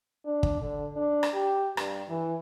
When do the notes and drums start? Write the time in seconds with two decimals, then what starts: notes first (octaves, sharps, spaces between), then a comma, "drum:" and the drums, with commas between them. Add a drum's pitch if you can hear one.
0.25 D4
0.43 drum: kick
0.61 D3
0.96 D4
1.23 drum: rim click
1.33 G4
1.77 G2, drum: rim click
2.08 E3